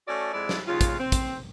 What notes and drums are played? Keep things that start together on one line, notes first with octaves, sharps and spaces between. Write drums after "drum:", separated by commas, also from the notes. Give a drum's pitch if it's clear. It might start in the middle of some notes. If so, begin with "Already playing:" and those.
A3 C#4 F#4 A4 D5
F2 G#3 E4 D5
drum: snare
D#2 C#3 F4
drum: kick, hi-hat
C4
drum: kick, hi-hat